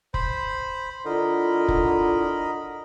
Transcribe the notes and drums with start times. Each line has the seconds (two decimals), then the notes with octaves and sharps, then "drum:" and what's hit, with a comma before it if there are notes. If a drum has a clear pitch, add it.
0.14 C5 B5, drum: kick F1
1.05 D3 E4 F4 A#4 D#5 B5
1.68 drum: kick F1